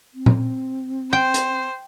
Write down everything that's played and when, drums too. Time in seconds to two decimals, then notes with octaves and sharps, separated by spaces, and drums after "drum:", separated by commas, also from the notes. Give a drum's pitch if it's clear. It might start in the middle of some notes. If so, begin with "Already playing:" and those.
0.14 C4
0.26 drum: tom A#2
1.13 C5 G5
1.34 drum: hi-hat